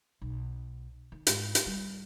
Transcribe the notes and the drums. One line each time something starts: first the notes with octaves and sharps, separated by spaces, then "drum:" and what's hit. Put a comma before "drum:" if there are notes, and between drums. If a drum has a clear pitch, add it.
B1
D#3
G#2, drum: hi-hat
drum: hi-hat
G3